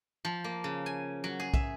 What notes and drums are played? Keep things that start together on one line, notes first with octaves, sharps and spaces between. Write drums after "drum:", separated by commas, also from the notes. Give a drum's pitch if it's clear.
F3
A#3
C#3
G#5
F#3
G#4
E5, drum: kick